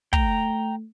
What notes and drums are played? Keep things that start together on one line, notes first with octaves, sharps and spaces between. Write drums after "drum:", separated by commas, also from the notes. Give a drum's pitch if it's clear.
A3 G5 A#5, drum: kick